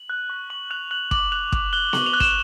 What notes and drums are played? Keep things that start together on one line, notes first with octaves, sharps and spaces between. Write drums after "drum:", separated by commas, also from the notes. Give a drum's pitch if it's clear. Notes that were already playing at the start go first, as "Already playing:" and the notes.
Already playing: F#7
F#6
C#6
C#6 F#7
F#6 F7
F#6 F#7
D6 F#7, drum: kick
F#6 F7
D6, drum: kick
F#6 G7
C#6 F#7, drum: snare B3
F7
F#6
E7, drum: kick